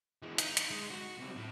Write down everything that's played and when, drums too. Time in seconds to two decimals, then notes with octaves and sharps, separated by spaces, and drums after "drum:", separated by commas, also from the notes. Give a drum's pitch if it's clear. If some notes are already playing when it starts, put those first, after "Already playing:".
0.23 E3 G#3
0.38 D#4, drum: hi-hat
0.57 drum: hi-hat
0.71 G#3
0.91 F#4
1.18 B1 C4
1.36 A2